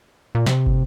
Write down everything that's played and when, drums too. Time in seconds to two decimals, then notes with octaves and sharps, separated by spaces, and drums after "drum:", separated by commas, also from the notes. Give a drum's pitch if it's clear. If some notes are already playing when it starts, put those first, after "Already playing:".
0.35 A#2
0.46 C3, drum: snare
0.66 drum: kick